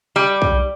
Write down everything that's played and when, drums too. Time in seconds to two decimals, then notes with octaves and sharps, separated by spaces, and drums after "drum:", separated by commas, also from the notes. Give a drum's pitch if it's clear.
0.16 G3
0.42 drum: kick